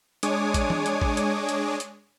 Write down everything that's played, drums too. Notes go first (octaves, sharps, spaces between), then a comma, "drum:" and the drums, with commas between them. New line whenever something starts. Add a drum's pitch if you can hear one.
G#3 D4 C#5 G#5 D6 D#6, drum: hi-hat
drum: kick A1, hi-hat
drum: tom E3
drum: hi-hat
drum: kick A1
drum: hi-hat
drum: hi-hat
drum: hi-hat